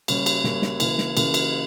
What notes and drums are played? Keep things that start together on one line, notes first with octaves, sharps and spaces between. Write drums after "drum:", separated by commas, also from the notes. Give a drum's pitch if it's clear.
C#3 G3 A#3 C#4, drum: cymbal
drum: cymbal
C#3 G3 A#3 C#4, drum: snare
drum: snare
C#3 E3 A#3, drum: cymbal
drum: snare
C#3 E3 A#3, drum: cymbal
drum: cymbal